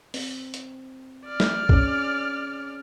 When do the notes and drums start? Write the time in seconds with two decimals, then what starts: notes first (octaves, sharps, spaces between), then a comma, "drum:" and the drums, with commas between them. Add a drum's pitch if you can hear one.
0.14 C4, drum: open hi-hat
0.54 drum: hi-hat
1.26 D5 F6
1.40 drum: snare
1.69 C#4 G#4, drum: kick